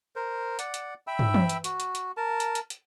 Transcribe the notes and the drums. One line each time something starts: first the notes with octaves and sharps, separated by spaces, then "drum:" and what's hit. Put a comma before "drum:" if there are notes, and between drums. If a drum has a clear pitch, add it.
A#4 C5
D5 F#5, drum: hi-hat
drum: hi-hat
E5 G5 B5 E6
drum: tom
drum: tom E3
drum: hi-hat
F#4, drum: hi-hat
drum: hi-hat
drum: hi-hat
A#4 A5
drum: hi-hat
drum: hi-hat
drum: hi-hat